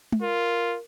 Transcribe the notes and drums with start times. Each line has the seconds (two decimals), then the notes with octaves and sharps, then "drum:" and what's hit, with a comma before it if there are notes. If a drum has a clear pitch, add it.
0.12 drum: tom G#3
0.22 F4 A#4